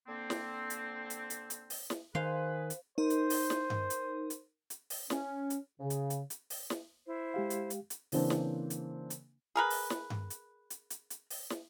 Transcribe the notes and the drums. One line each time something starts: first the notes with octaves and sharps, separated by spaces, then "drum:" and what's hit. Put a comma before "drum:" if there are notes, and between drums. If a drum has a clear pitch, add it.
D3 A#3 C4
drum: snare
drum: hi-hat
drum: hi-hat
drum: hi-hat
drum: hi-hat
drum: open hi-hat
drum: snare
D#3 G#4 B4 C5 F5 C6
drum: hi-hat
D#4 A#4 C5
drum: hi-hat
drum: open hi-hat
drum: snare
drum: tom G2
drum: hi-hat
drum: hi-hat
drum: hi-hat
drum: open hi-hat
C#4, drum: snare
drum: hi-hat
C#3
drum: hi-hat
drum: hi-hat
drum: hi-hat
drum: open hi-hat
drum: snare
E4 C5
G#3 G4 F5
drum: hi-hat
drum: hi-hat
drum: hi-hat
C#3 E3 A#3 C4 D4, drum: open hi-hat
drum: snare
drum: hi-hat
drum: hi-hat
G#4 A#4 B4
drum: open hi-hat
drum: snare
drum: tom G2
drum: hi-hat
drum: hi-hat
drum: hi-hat
drum: hi-hat
drum: open hi-hat
drum: snare